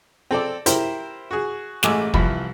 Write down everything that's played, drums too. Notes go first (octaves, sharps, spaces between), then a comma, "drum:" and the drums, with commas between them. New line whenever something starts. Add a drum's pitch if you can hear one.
C4 A4 D5
E4 G4 A#4 C5, drum: hi-hat
F#4 G#4
A1 G#3 A3 G#5 D6 E6, drum: snare
C2 E3 F3 E4 B5, drum: kick